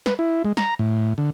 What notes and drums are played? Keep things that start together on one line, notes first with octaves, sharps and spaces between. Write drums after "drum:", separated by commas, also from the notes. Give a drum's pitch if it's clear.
B4, drum: snare
E4
G#3
A#5, drum: snare
A2
D3